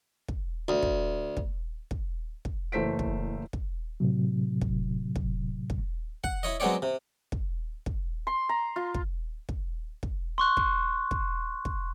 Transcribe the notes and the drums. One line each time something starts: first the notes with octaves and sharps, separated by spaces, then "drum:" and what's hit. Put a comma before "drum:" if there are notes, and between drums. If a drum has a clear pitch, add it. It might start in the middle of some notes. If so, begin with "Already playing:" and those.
drum: kick
D2
drum: kick
drum: kick
drum: kick
drum: kick
F#1 E3 A3 C5 B6 D7
drum: kick
drum: kick
A2 C3 F#3
drum: kick
drum: kick
drum: kick
F#5, drum: kick
E4 C#5 D#5
F#3 G#3 B3 C4 C#5 D5
C3
drum: kick
drum: kick
C6
A#5
F4
drum: kick
drum: kick
drum: kick
C6 C#6 F#6
drum: kick
drum: kick
drum: kick